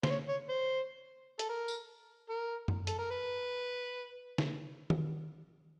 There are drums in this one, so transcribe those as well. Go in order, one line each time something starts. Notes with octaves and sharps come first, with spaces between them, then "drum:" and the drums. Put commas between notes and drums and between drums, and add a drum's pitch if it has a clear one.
C5, drum: snare
C#5
C#5
C5
A4, drum: hi-hat
A#4
drum: tambourine
A#4
drum: tom F#2
A4, drum: hi-hat
A#4
B4
drum: snare
drum: tom D#3